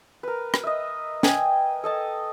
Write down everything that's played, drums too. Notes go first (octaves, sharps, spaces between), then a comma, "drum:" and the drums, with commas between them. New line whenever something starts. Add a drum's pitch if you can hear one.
A#4 B4
drum: rim click
D#5 E5
G5 G#5, drum: snare
A4 D#5 A5